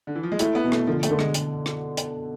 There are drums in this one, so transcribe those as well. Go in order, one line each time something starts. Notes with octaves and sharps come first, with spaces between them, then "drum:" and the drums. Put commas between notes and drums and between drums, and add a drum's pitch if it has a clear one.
D3
E3
F3
G#3
A3 E4, drum: hi-hat
B3
B2
A3, drum: rim click
D3 F3
A3, drum: hi-hat
D3
G#3, drum: rim click
drum: hi-hat
drum: rim click
drum: hi-hat